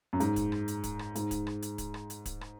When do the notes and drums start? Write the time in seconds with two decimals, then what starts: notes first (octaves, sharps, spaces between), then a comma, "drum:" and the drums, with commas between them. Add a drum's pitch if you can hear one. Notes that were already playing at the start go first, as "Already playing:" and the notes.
0.13 F#2
0.20 G#2, drum: hi-hat
0.36 drum: kick, hi-hat
0.52 drum: rim click
0.68 drum: hi-hat
0.84 drum: kick, hi-hat
0.99 drum: rim click
1.15 G#2, drum: hi-hat
1.31 drum: kick, hi-hat
1.47 drum: rim click
1.62 drum: hi-hat
1.78 drum: kick, hi-hat
1.94 drum: rim click
2.10 drum: hi-hat
2.26 drum: kick, hi-hat
2.41 drum: rim click